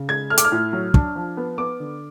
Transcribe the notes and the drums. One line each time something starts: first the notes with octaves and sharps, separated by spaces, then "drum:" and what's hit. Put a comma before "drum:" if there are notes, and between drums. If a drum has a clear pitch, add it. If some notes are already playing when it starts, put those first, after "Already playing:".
Already playing: C#3
G#3 G#6
A3 F6
D6, drum: hi-hat
F6
A2
F#3
D4, drum: kick
F3
B3
B3 D6
D3